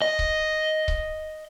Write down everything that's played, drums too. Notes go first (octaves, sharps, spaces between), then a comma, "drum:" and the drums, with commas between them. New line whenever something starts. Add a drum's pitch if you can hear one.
D#5
drum: kick C#1
drum: kick C#1